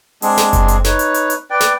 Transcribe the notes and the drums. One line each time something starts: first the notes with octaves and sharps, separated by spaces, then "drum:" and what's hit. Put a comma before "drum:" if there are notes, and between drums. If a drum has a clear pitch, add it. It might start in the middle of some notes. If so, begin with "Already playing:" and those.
G#3 C4 D4 G#4, drum: open hi-hat
drum: snare
drum: kick F#1, hi-hat
drum: hi-hat
D#4 B4 C#5, drum: snare
drum: hi-hat
drum: hi-hat
drum: hi-hat
B4 D5 G5
drum: snare